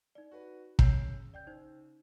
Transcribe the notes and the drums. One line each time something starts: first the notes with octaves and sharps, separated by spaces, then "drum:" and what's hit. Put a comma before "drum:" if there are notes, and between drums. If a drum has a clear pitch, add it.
D#4 D5
F#4 B4
C#3 C#5 E6 G6 C7, drum: kick
D5 G5 G6
D#4 C5